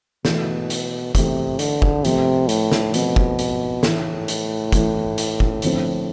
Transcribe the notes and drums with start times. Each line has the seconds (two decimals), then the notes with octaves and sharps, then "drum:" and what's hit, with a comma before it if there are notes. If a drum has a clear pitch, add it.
0.25 B2 E3 A3 E4, drum: snare
0.70 drum: hi-hat
1.15 C3 E3 A3 E4, drum: kick, hi-hat
1.59 D3, drum: hi-hat
1.82 drum: kick
2.05 C3 F3 A3 C4, drum: hi-hat
2.49 A2, drum: hi-hat
2.72 drum: snare
2.94 B2 F3 A3 C4, drum: hi-hat
3.16 drum: kick
3.39 drum: hi-hat
3.83 A2 E3 A3 E4, drum: snare
4.28 drum: hi-hat
4.72 E3 A3 E4, drum: kick, hi-hat
5.18 drum: hi-hat
5.40 drum: kick
5.62 D3 F3 C4, drum: hi-hat